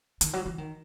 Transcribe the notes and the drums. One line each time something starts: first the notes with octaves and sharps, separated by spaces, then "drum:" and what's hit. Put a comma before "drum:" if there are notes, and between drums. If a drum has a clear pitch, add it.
D#3, drum: hi-hat
F#3
E3
D#3